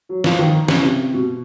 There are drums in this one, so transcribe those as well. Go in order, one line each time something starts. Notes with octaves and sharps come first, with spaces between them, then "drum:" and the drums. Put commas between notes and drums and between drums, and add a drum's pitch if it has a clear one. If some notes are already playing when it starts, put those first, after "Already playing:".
F#3
F3, drum: snare
D#3
C#3, drum: snare
C3
B2